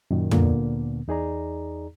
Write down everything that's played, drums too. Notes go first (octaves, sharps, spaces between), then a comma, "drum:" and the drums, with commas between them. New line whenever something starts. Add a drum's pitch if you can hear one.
F#2 A#2 D#3
D2 A#2 D3 A#3 B3, drum: tom
E2 D#4 G#4 D5 A#5